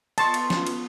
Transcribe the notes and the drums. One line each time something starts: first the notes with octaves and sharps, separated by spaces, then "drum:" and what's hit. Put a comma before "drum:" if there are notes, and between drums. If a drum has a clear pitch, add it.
B3 F4 D#5 A5 C6 C#6, drum: cymbal
drum: cymbal
drum: snare
drum: cymbal